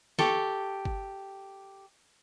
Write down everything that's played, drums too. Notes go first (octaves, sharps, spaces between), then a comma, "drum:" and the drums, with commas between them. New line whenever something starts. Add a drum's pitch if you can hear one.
G4 A4 C#6, drum: snare
drum: kick G1